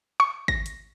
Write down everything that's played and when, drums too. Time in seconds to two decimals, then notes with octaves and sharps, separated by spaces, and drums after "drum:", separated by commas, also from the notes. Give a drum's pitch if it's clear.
0.20 C#6
0.48 A#6, drum: kick G#1
0.66 drum: hi-hat